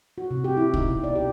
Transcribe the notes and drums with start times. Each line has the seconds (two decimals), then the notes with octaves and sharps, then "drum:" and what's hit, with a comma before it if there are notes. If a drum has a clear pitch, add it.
0.18 F#4
0.31 C3
0.44 G4
0.57 E4
0.74 D#4, drum: kick
0.90 B2
1.04 D5
1.16 G4